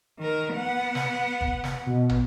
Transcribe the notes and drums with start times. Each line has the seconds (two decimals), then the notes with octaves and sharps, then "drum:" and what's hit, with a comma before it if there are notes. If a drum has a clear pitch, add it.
0.19 D#3 A#4
0.55 B3 F#5
0.95 drum: snare
1.41 drum: kick
1.64 drum: snare
1.86 B2
2.09 drum: tom